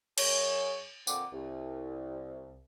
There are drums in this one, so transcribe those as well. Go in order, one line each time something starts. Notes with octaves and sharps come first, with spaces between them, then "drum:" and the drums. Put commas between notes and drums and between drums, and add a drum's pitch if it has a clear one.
F#2 G#4 C#5, drum: cymbal
F2 A#2 D3 C4 F#5 D6, drum: tambourine
C2